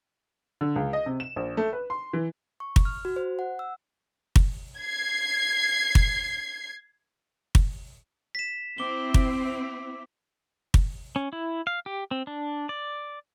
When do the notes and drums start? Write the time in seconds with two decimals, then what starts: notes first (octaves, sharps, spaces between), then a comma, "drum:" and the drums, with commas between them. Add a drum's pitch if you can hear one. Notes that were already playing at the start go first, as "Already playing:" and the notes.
0.61 D3
0.76 C#2
0.93 D#5
1.06 C3
1.20 E7
1.36 A#1
1.57 A3
1.73 B4
1.90 C6
2.13 E3
2.60 C#6
2.76 drum: kick
2.85 F6
3.05 F#4
3.16 C5
3.39 F#5
3.59 E6
4.36 drum: kick
4.79 G#6 C7
5.95 drum: kick
7.55 drum: kick
8.35 B6 E7
8.78 C4 E4 D6 G7
9.14 drum: kick
10.74 drum: kick
11.16 C#4
11.33 E4
11.67 F5
11.86 G4
12.11 C4
12.27 D4
12.69 D5